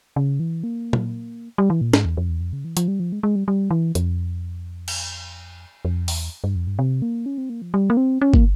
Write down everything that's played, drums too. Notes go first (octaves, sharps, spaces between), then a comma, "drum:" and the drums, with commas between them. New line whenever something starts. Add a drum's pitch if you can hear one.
C#3
E3
A#3
drum: tom A#2
G3
E3
A#2
G#2, drum: snare
E2
F2
E2
F2
C#3
E3
F3, drum: hi-hat
G3
F3
G#3
G#3
G3
G3
E3
F2, drum: hi-hat
drum: cymbal
F2
E2, drum: open hi-hat
G2
F2
G2
C3
A#3
C#4
C4
A#3
F3
G3
A#3
C4
C#4
A#3, drum: kick